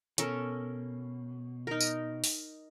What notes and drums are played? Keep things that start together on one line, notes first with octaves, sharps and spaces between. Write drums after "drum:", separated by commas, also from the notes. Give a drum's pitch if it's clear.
B2 C#4 A4 A#4, drum: hi-hat
D#4 A#4
drum: tambourine
drum: open hi-hat